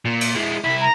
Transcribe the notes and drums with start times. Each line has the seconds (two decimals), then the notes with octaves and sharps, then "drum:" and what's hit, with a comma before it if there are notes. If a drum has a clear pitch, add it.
0.05 A#2
0.21 drum: cymbal
0.35 G#3 E4
0.64 C2 E4 B6
0.81 A#5